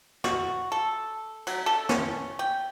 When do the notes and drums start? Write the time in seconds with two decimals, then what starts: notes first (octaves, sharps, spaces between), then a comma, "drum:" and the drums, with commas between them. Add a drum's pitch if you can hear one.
0.24 F#4, drum: snare
0.72 A4
1.47 F#3, drum: cymbal
1.66 A4
1.89 C#4, drum: snare
2.39 G5